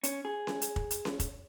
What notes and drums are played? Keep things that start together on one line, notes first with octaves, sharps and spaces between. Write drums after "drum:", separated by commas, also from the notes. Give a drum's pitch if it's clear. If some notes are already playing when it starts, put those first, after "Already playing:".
C#4, drum: hi-hat
G#4
drum: snare C#4
drum: hi-hat
drum: kick
drum: hi-hat
drum: snare C#4
drum: kick, hi-hat